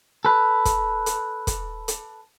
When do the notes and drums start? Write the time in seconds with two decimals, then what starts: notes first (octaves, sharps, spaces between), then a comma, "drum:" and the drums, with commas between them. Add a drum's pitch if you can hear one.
0.25 A4 B4
0.65 drum: kick, hi-hat
1.06 drum: hi-hat
1.47 drum: kick, hi-hat
1.88 drum: hi-hat